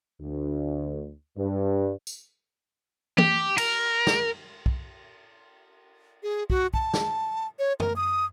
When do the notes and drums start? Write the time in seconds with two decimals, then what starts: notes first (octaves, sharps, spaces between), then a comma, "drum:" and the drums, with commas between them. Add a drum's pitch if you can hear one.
0.20 D2
1.36 G2
2.07 drum: tambourine
3.18 G4, drum: tom
3.58 A#4, drum: cymbal
4.07 drum: snare
4.66 drum: kick B1
6.23 G#4
6.50 F#4, drum: kick B1
6.74 A5, drum: kick B1
6.94 drum: snare
7.59 C#5
7.80 A#4, drum: tom
7.96 D#6